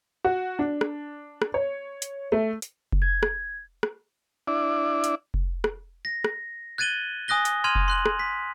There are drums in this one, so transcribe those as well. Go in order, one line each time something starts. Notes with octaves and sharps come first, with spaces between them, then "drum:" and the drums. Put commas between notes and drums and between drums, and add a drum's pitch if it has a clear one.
F#4
D4
drum: rim click
drum: rim click
C#5
drum: hi-hat
A3
drum: hi-hat
drum: kick F1
G#6
drum: rim click
drum: rim click
D4 E4 D5
drum: hi-hat
drum: kick F1
drum: rim click
A#6
drum: rim click
F#6 G#6 A6 D#7 F#7 G7
G#5 D#6 F#6 A#6 G7
drum: hi-hat
C6 F6 G#6 D#7 F7
drum: kick F1
C6 F#6 F#7
drum: rim click
B6